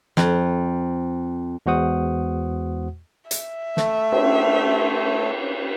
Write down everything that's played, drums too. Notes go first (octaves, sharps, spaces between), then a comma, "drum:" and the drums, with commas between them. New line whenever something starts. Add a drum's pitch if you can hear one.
F2, drum: snare
E2 G#3 F#4 C5 F#5 D#6
E5, drum: hi-hat
A3, drum: snare
drum: cymbal